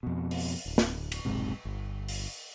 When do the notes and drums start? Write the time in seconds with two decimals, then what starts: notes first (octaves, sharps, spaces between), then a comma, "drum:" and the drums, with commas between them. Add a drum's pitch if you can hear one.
0.03 F2 B2
0.31 drum: open hi-hat
0.66 D1
0.78 drum: snare
1.12 drum: cymbal
1.25 F1 B1 G#2 C3
1.65 G1
2.09 drum: open hi-hat